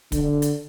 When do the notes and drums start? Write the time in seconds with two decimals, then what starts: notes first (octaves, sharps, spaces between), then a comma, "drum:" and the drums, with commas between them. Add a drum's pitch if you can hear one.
0.12 D3, drum: kick, hi-hat
0.42 drum: hi-hat